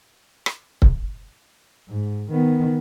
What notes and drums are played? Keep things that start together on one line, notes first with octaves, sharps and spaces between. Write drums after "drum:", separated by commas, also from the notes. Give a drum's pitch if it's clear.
drum: rim click
drum: kick C#1
G#2
D#3 B3